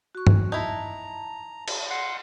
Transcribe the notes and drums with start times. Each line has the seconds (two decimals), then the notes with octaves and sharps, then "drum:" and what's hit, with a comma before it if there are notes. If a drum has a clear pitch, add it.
0.15 F#4 C#6
0.27 drum: tom G2
0.52 D#4 E4 A5 A#5
1.68 drum: cymbal
1.90 F#5 C6